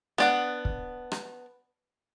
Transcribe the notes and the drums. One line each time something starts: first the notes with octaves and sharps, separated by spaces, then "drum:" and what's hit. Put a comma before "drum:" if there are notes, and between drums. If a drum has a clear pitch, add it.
B3 D4 F#5, drum: rim click
drum: kick
drum: rim click